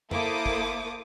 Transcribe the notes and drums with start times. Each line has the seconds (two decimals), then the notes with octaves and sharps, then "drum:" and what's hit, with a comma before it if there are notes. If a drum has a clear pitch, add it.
0.11 A#3 E4 A4 C5 D6 D#6, drum: tom F2
0.46 drum: kick